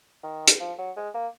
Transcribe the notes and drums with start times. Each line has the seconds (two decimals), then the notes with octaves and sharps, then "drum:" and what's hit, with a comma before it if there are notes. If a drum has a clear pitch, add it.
0.23 D#3
0.48 drum: hi-hat
0.60 F3
0.78 F#3
0.97 G#3
1.14 A#3